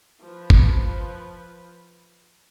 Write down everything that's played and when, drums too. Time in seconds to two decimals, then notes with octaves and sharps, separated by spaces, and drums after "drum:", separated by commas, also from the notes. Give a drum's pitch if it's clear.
0.22 F3 B4
0.50 drum: kick